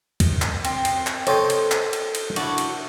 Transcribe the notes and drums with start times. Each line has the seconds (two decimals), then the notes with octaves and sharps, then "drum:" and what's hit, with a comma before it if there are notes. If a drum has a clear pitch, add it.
0.20 drum: kick, cymbal
0.42 drum: clap
0.65 C4, drum: cymbal
0.85 drum: cymbal
1.07 drum: clap
1.27 A4 C5 C#5 D#5 G5, drum: cymbal
1.50 drum: cymbal
1.71 drum: clap
1.93 drum: cymbal
2.15 drum: cymbal
2.36 D4 E4 F#4, drum: cymbal
2.58 drum: cymbal